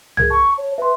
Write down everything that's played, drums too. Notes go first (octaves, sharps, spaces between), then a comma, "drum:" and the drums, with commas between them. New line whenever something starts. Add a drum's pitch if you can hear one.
G#4 A#4 G#6, drum: tom C2
A5 C#6
C#5
B4 E5 C6